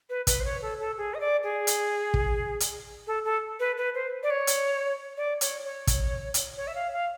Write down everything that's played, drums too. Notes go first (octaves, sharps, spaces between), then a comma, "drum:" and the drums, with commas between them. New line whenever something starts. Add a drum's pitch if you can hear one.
B4
B4, drum: kick, hi-hat
C5
C#5
A4
A4
G#4
D#5
D5
G#4
drum: hi-hat
drum: kick
drum: hi-hat
A4
A4
B4
B4
C5
D5
C#5
drum: hi-hat
D5
C#5, drum: hi-hat
C#5
drum: kick, hi-hat
drum: hi-hat
C#5
E5
F5
F5